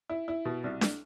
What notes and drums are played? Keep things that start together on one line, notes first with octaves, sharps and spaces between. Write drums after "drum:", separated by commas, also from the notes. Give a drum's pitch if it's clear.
E4
E4
B2
C2
drum: snare D4